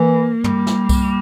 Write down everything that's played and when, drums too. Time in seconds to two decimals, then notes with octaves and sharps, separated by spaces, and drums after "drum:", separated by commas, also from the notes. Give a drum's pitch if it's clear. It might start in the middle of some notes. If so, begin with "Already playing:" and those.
Already playing: E3 A#3
0.44 G3, drum: tom
0.67 drum: snare
0.89 drum: kick C2, tambourine